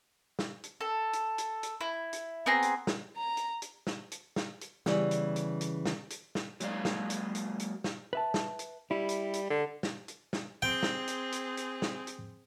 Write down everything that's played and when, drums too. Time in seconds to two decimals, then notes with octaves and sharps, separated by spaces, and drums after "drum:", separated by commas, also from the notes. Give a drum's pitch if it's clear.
0.39 drum: snare
0.64 drum: hi-hat
0.81 A4
1.13 drum: hi-hat
1.38 drum: hi-hat
1.63 drum: hi-hat
1.81 E4
2.13 drum: hi-hat
2.46 B3 C4 G#4 A#5
2.62 drum: hi-hat
2.87 drum: snare
3.17 A#5
3.37 drum: hi-hat
3.62 drum: hi-hat
3.87 drum: snare
4.12 drum: hi-hat
4.36 drum: snare
4.61 drum: hi-hat
4.86 C#3 E3 G3 B3, drum: snare
5.11 drum: hi-hat
5.36 drum: hi-hat
5.61 drum: hi-hat
5.86 drum: snare
6.10 drum: hi-hat
6.35 drum: snare
6.60 F#3 G#3 A#3 C5 D5 F5, drum: hi-hat
6.85 drum: snare
7.10 drum: hi-hat
7.35 drum: hi-hat
7.60 drum: hi-hat
7.84 drum: snare
8.13 B4 E5 A5
8.34 drum: snare
8.59 drum: hi-hat
8.91 G3 E4
9.09 drum: hi-hat
9.34 drum: hi-hat
9.50 D3
9.83 drum: snare
10.08 drum: hi-hat
10.33 drum: snare
10.62 C4 G#4 G5
10.83 drum: snare
11.07 drum: hi-hat
11.32 drum: hi-hat
11.57 drum: hi-hat
11.82 drum: snare
12.07 drum: hi-hat